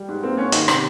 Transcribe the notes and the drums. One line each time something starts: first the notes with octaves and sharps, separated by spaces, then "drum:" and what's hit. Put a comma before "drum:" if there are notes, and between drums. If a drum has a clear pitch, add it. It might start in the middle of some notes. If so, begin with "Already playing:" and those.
Already playing: G3
G#2
A#3 C4
G#2 C#4
D#3 D#4, drum: hi-hat
C3, drum: rim click